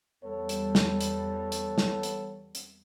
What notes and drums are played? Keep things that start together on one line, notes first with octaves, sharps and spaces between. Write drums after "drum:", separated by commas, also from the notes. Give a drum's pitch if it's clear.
E2 G3 B3 A4 C#5
drum: hi-hat
drum: snare
drum: hi-hat
drum: hi-hat
drum: snare
drum: hi-hat
drum: hi-hat